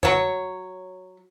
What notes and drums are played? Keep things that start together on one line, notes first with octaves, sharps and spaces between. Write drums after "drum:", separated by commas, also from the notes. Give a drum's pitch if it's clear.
F#3 C#5, drum: tom F2